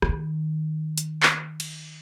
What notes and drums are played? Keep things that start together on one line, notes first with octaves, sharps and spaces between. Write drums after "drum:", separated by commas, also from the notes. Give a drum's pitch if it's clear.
E3, drum: rim click
D#3
drum: hi-hat
drum: clap
drum: cymbal